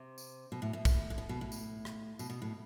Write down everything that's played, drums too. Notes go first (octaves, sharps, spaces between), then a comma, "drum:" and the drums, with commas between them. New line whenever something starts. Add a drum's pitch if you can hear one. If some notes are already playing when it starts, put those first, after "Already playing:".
Already playing: C3
drum: tambourine
B2
A2
B2
A2, drum: kick, tambourine
A2
B2
B2
A2
drum: tambourine
drum: rim click
B2, drum: tambourine
B2
A2